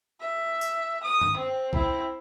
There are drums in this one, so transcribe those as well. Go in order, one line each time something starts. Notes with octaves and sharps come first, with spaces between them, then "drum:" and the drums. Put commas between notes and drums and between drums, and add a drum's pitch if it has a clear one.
E5
drum: tambourine
D#6
drum: tom
C4
C4 E4, drum: kick